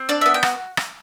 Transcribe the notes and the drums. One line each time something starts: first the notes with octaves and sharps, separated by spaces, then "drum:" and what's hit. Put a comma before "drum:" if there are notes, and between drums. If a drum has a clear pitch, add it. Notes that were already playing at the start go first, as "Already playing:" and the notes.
Already playing: C4
D4 D5
B3 E5
G5
F#4, drum: rim click
drum: rim click